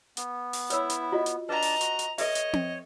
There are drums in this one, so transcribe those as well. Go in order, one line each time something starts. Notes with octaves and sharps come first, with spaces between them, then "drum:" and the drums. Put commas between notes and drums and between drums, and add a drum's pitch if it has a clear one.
B3, drum: hi-hat
drum: open hi-hat
E4 B4 C#5 E6, drum: hi-hat
drum: hi-hat
F4 F#4 D#5
drum: hi-hat
D4 B4 D#5 A5 A#5
drum: open hi-hat
F#4, drum: hi-hat
drum: hi-hat
A4 B4 C#5 D#5 E5, drum: open hi-hat
drum: hi-hat
drum: tom C4